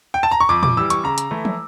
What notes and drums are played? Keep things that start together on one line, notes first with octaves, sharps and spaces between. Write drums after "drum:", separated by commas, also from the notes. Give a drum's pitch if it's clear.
G5
A5
A#5
C#6
F2 D6
D6, drum: tom
E3 G3 E6
C#6, drum: hi-hat
C#3 A#5
drum: hi-hat
E3 A3 E4
drum: tom